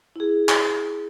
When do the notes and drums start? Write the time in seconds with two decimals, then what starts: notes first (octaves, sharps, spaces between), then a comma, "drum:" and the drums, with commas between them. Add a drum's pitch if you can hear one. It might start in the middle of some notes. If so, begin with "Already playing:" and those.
0.16 E4 G#4
0.49 drum: clap